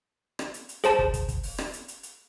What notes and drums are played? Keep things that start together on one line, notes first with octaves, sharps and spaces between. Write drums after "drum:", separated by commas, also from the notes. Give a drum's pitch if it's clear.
drum: rim click
drum: hi-hat
drum: hi-hat
G#4 C5 A5, drum: hi-hat
drum: kick
drum: kick, hi-hat
drum: kick, hi-hat
drum: open hi-hat
drum: rim click
drum: hi-hat
drum: hi-hat
drum: hi-hat